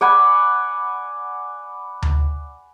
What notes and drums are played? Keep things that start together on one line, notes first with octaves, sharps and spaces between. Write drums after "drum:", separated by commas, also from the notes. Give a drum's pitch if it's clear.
D5 F#5 G#5 B5
drum: tom D2